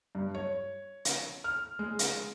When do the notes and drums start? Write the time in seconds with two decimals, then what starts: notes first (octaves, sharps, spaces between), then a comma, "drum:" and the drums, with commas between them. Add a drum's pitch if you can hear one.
0.15 G2
0.35 C#5
1.05 drum: hi-hat
1.44 F6
1.79 G#3
1.99 drum: hi-hat